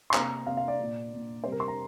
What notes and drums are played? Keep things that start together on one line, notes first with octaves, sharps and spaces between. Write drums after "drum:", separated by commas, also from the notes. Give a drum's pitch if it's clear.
C6
C3 A#3 D4 A#5, drum: clap
C3 A#3 D4 F5
F5
D5
A#2 A#3 D4
A#2 A#3 D4
C3 G3 C4 C5
A#4
C6
A#5